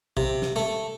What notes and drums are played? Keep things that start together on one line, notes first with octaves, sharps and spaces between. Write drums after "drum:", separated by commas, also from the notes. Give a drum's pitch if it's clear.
C3, drum: kick
drum: snare
A3